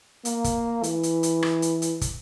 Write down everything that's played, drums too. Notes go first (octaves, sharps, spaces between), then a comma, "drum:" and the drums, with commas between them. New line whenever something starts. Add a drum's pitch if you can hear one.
A#3, drum: hi-hat
drum: kick, hi-hat
E3, drum: hi-hat
drum: hi-hat
drum: hi-hat
drum: rim click
drum: hi-hat
drum: hi-hat
drum: kick, hi-hat